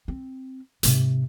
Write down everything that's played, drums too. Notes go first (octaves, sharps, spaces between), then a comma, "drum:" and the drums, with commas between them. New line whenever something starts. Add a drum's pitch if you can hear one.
C4
G#2 C3, drum: hi-hat